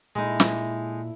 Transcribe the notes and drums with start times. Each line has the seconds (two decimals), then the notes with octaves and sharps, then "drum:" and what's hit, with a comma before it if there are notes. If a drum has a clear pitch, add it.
0.16 A#2 G#3 D#4 E4 A4
0.40 drum: snare